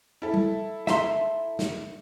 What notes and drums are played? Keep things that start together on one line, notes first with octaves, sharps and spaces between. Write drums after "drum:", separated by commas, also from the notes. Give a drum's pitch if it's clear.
E4 A4
drum: tom G3
E5 A#5 C6, drum: snare
drum: snare